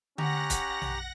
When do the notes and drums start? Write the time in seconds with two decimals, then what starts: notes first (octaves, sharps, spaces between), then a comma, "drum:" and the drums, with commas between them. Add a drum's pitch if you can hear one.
0.18 C#4 G4 F#5 A#5 A#6, drum: tom D3
0.50 drum: kick, hi-hat
0.82 drum: tom A#1